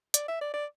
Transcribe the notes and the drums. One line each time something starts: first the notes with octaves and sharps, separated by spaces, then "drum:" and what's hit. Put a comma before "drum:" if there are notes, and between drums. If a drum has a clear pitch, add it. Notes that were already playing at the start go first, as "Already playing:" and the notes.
D5, drum: hi-hat
E5
D5
D5